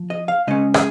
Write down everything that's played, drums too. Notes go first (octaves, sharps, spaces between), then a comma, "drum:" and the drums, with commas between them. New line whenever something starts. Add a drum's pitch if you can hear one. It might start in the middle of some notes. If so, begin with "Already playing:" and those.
Already playing: F3
D#5
F5
C#3 G#3 C#4 D#5
G#4, drum: rim click